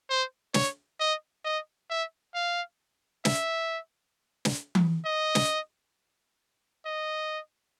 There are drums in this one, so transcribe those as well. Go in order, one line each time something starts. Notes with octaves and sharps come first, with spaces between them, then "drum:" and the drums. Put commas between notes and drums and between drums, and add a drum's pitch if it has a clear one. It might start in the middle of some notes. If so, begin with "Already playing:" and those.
C5
C#5, drum: snare
D#5
D#5
E5
F5
E5, drum: snare
drum: snare
drum: tom E3
D#5
drum: snare
D#5